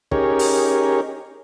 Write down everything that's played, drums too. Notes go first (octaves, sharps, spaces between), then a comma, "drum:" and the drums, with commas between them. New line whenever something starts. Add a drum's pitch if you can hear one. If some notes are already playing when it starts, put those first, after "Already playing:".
C#4 D#4 G4 G#4 A#4 C#5, drum: kick
drum: open hi-hat